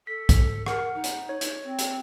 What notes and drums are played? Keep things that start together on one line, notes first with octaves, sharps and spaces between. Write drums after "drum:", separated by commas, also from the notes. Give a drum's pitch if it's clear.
A4 B6
drum: kick, hi-hat
A#4 F#5, drum: rim click
D#4
drum: hi-hat
C#5
drum: hi-hat
C4
drum: hi-hat